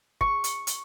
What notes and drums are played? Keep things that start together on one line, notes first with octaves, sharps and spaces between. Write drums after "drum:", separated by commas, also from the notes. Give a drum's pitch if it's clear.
C#6, drum: kick
drum: hi-hat
drum: hi-hat